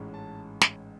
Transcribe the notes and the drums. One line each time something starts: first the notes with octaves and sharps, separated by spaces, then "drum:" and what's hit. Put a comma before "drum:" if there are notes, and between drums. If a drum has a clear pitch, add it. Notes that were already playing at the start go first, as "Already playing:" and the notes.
Already playing: A1 G#2 G#3 C#4
A5
drum: snare